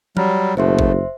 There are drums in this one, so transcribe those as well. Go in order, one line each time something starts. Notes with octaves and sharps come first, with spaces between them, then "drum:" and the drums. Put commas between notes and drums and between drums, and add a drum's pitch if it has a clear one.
F#3 G3 F6, drum: tom F3
F#1 B2 A3 C5 E5 C6
drum: kick